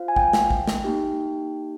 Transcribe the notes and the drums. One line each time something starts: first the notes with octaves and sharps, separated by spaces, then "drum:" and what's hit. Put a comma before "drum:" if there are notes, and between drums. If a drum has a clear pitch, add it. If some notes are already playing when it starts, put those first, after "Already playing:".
Already playing: F4 C5 F5
G#5
G5, drum: kick
drum: snare
drum: kick
drum: snare
A#3 D#4 G4